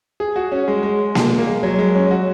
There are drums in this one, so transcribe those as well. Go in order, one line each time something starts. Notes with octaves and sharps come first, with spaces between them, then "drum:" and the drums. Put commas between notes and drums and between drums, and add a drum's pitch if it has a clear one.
G#4
F#4
C#4
G#3
G#3
drum: snare A#3
A#3
G#3
F#3
G#3
C#4
F#4